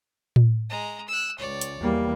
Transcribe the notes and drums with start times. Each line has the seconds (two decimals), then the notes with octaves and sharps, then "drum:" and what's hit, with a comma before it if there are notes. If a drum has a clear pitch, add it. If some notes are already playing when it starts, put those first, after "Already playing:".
0.36 drum: tom A2
0.70 G#3 A#5
1.08 E6 F#6
1.39 C#2 C#5 D5
1.61 drum: hi-hat
1.82 E2 E3 G3 A#3